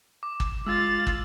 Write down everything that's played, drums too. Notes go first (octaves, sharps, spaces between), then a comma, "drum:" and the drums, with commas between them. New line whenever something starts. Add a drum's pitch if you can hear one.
D6
drum: kick
G#3 F4 E6 A6
drum: kick